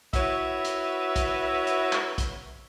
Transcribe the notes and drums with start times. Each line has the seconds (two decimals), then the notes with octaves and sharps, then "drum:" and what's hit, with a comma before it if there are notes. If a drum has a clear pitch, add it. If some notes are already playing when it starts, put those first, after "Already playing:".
0.13 E4 F#4 B4 C#5 E5, drum: kick, hi-hat
0.65 drum: hi-hat
1.16 drum: kick, hi-hat
1.67 drum: hi-hat
1.92 drum: clap
2.18 drum: kick, hi-hat